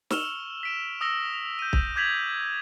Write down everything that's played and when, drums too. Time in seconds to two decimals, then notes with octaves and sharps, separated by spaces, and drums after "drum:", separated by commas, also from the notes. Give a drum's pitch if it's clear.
0.10 C#6 E6 F6 E7 F7 G7, drum: snare
0.63 B6 D7 E7
1.01 D#6 E6 A#6 G7
1.33 F7
1.59 G6 D#7
1.73 drum: kick
1.96 D6 G6 G#6 B6 F7 F#7